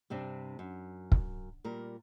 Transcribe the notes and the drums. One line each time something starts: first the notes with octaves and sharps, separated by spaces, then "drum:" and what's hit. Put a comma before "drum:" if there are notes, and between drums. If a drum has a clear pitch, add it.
G2 C3 C4 D4
F#2
drum: kick
A#2 G3 A#4